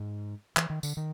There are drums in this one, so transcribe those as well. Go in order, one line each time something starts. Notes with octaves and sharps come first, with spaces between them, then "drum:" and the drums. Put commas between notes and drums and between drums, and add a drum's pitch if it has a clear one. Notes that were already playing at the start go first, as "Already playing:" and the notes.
Already playing: G#2
E3, drum: clap
D#3
D3, drum: tambourine
D#3